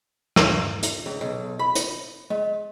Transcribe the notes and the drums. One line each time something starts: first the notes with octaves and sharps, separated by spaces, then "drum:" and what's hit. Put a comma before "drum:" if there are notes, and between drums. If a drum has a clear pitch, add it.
drum: rim click
drum: hi-hat
C#2
B1
B5
drum: hi-hat
G#3